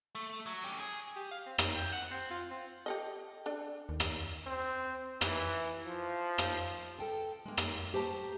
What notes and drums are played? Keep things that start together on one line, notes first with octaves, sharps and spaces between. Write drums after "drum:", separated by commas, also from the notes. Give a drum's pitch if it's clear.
A3
F#3
C#4 G4
G#4
G4
F5
C4
C4, drum: rim click
G5
F#5
C4
F4
C4
G4 A4 D#5
D4 A4
D#2
drum: rim click
C4
E3, drum: rim click
F3
drum: rim click
A4 G5 A5
G#3 A#3
drum: rim click
A3 G4 C5 A5 A#5